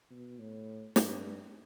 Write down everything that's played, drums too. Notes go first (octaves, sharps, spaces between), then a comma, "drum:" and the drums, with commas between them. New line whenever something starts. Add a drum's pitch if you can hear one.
B2
A2
G2, drum: snare